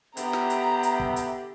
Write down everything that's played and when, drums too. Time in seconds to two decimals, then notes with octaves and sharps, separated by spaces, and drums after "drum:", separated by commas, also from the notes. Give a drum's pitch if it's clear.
0.17 D3 B3 G4 E5 A#5, drum: hi-hat
0.33 drum: snare
0.50 drum: hi-hat
0.83 drum: hi-hat
1.00 drum: kick
1.16 drum: hi-hat